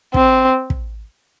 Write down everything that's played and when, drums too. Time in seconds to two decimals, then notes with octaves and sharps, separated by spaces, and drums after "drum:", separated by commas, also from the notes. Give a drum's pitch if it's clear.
0.14 C4, drum: kick
0.70 drum: kick